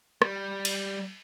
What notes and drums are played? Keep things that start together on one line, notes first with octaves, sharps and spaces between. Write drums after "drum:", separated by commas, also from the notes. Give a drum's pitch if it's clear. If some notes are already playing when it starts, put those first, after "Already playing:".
G3, drum: rim click
drum: cymbal